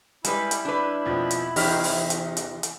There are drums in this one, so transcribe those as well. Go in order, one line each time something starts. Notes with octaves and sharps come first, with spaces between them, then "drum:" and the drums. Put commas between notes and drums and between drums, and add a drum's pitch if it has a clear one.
G3 G#3 E4 B4, drum: hi-hat
drum: hi-hat
D4 B4
F2 B2 F3
drum: hi-hat
E2 C3 D#4 G4 F6 B6, drum: open hi-hat
drum: open hi-hat
drum: hi-hat
drum: hi-hat
drum: hi-hat